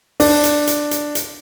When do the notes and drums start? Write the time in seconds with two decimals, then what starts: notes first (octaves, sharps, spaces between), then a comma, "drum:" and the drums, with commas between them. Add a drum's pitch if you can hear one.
0.20 D4, drum: open hi-hat
0.44 drum: hi-hat
0.67 drum: hi-hat
0.91 drum: hi-hat
1.15 drum: hi-hat